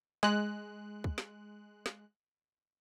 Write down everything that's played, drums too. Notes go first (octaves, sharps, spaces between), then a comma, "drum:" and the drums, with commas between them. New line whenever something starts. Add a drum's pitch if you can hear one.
G#3 F#6, drum: snare
drum: kick
drum: snare
drum: snare